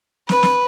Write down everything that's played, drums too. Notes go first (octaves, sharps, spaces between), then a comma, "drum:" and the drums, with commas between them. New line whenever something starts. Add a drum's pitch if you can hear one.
B4, drum: snare
drum: snare